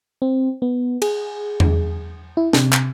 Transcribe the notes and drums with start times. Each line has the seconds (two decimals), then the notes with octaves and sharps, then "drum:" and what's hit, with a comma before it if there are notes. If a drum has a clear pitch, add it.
0.22 C4
0.62 B3
1.02 G#4, drum: cymbal
1.60 drum: tom E2
2.37 E4
2.53 C3, drum: snare
2.73 drum: clap